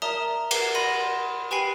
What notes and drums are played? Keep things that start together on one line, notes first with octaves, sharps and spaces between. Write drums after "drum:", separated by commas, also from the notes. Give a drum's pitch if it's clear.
A#4 D5 E5 A5 A#5 D#6
A#4 B4 F#5 D6 C7, drum: cymbal
D5 F#5 B5 C6 A#6 D#7
G4 B4 G5 G#5 B5 C7